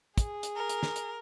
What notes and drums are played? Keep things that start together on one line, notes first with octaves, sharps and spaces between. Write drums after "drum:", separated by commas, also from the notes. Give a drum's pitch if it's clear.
G#4, drum: kick, hi-hat
drum: hi-hat
A#4
drum: hi-hat
drum: snare
drum: hi-hat